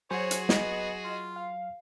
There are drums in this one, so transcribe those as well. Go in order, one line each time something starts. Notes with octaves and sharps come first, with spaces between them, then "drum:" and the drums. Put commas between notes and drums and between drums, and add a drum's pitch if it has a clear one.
F#3 F#4 G#4 C5 C#5 G#5 C6
drum: hi-hat
B3 D#5, drum: snare
F4
F5